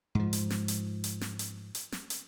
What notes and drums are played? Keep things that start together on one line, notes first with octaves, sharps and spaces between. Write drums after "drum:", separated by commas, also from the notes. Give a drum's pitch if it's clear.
G#2 F3
drum: hi-hat
drum: snare
drum: hi-hat
drum: hi-hat
drum: snare
drum: hi-hat
drum: hi-hat
drum: snare
drum: hi-hat